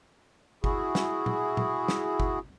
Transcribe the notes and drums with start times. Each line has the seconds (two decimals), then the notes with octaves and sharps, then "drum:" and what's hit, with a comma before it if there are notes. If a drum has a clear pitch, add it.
0.64 E4 F#4 G#4, drum: kick G1
0.95 drum: snare
1.26 drum: tom
1.57 drum: tom
1.88 drum: snare
2.20 drum: kick G1